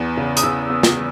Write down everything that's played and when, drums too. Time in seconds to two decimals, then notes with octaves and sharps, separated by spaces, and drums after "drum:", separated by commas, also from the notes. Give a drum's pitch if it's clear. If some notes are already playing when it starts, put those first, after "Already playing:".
Already playing: E2 B3
0.17 C#3
0.37 D#6, drum: hi-hat
0.43 C#3 E6
0.70 B3
0.83 drum: snare